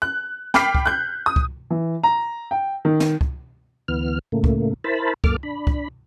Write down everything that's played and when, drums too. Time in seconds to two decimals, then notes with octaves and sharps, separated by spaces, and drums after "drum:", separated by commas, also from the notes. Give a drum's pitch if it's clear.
0.02 F#6
0.54 G5 B5 D6 F6 B6 C7, drum: snare
0.75 drum: kick
0.86 F#6 G6
1.26 D#6
1.36 drum: kick
1.70 E3
2.03 A#5
2.51 G5
2.85 D#3
3.00 drum: snare
3.21 drum: kick
3.88 D2 E3 B3 F6
4.32 A2 C#3 A3 A#3
4.44 drum: kick
4.84 E4 A#4 C5 A5 B5
5.24 F#2 A#3 A4 D6 F6, drum: kick
5.43 D4 B5
5.67 drum: kick